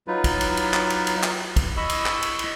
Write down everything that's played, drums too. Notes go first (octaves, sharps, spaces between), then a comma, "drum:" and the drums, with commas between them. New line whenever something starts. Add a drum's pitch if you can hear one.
F#3 D#4 F4 B4
drum: kick, cymbal
drum: cymbal
drum: cymbal
drum: clap
drum: cymbal
drum: cymbal
drum: clap
drum: kick, cymbal
D#5 B5 C#6 D#6 E6
drum: cymbal
drum: clap
drum: cymbal
drum: cymbal